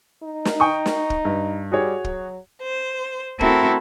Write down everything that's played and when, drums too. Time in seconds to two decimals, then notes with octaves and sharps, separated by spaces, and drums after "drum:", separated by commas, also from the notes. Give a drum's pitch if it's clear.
0.23 D#4
0.45 drum: snare
0.60 G5 C#6 D#6
0.86 drum: snare
1.10 drum: kick
1.25 G2
1.72 G3 F#4 G#4 C#5
2.04 F#3, drum: kick
2.62 C5
3.41 A3 C4 E4 F#4 A4 A#4, drum: kick